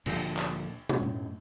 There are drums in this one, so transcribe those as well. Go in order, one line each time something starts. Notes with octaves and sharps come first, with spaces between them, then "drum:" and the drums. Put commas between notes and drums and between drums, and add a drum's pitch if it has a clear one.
D2 A#2 D3 F3, drum: cymbal
drum: clap
drum: tom
F#2 A2